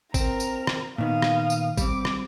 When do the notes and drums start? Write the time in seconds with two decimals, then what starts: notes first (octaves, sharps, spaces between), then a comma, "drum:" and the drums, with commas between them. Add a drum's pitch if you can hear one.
0.14 C4 A#4 A#5, drum: kick, tambourine
0.40 drum: tambourine
0.67 drum: rim click
0.98 A#2 D#3 B3 F5 D#6
1.22 drum: rim click
1.50 drum: tambourine
1.78 G3 C4 D6, drum: kick, tambourine
2.05 drum: rim click